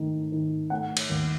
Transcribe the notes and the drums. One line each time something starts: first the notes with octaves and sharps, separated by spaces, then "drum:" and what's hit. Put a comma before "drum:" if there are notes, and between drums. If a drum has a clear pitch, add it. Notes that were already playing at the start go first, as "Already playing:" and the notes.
Already playing: D#3 A3
D#3
A3 F#5
drum: cymbal
D#2